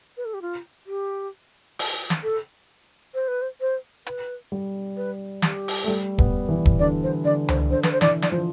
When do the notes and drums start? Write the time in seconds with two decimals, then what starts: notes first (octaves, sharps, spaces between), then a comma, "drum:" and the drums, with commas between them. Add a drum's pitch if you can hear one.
0.17 B4
0.25 A4
0.34 G4
0.42 F4
0.87 G4
1.79 drum: open hi-hat
2.10 drum: snare
2.23 A4
3.14 C5
3.28 B4
3.42 C5
3.61 C5
4.06 B4, drum: hi-hat
4.52 G3
4.97 B4
5.42 G4, drum: snare
5.68 drum: open hi-hat
5.84 A3
5.88 G3
6.18 B3, drum: kick
6.49 E3
6.65 drum: kick
6.79 D3 D5
7.03 C5
7.25 D3 D5
7.49 C5, drum: tom C#2
7.70 D3 C5
7.83 B4, drum: snare
7.92 C5
8.01 E3 D5, drum: snare
8.22 D5, drum: snare
8.31 F3 C5